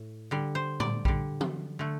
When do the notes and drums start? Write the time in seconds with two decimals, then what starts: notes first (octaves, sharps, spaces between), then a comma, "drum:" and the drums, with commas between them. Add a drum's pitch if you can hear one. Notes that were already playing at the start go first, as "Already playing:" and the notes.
Already playing: A2
0.31 D3 G3
0.55 C5
0.80 D5, drum: tom
1.05 D3 G3, drum: kick A#1
1.41 drum: tom E3
1.79 D3 A3